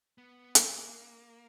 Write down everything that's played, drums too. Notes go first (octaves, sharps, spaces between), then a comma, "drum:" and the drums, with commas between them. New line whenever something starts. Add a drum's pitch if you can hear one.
B3
A#3, drum: hi-hat